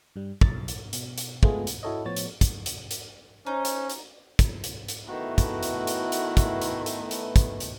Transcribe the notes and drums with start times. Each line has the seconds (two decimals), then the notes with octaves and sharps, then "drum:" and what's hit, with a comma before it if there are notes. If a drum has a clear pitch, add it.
0.16 G2 G3
0.41 B1 A6, drum: kick
0.68 drum: hi-hat
0.93 B2, drum: hi-hat
1.18 drum: hi-hat
1.43 G#3 A3 B3 F4 G#4, drum: kick
1.67 drum: hi-hat
1.83 E4 F#4 A4 C#5 D#5
2.05 A2 F3 B3 C#5 A6
2.16 drum: hi-hat
2.41 drum: kick, hi-hat
2.66 drum: hi-hat
2.91 drum: hi-hat
3.47 C#4 D#4 C5
3.65 drum: hi-hat
3.90 drum: hi-hat
4.39 drum: kick, hi-hat
4.64 drum: hi-hat
4.88 drum: hi-hat
5.09 D#3 A3 B3 E4 F#4 B4
5.38 drum: kick, hi-hat
5.63 drum: hi-hat
5.87 drum: hi-hat
6.12 drum: hi-hat
6.37 drum: kick, hi-hat
6.62 drum: hi-hat
6.86 drum: hi-hat
7.11 drum: hi-hat
7.36 drum: kick, hi-hat
7.60 drum: hi-hat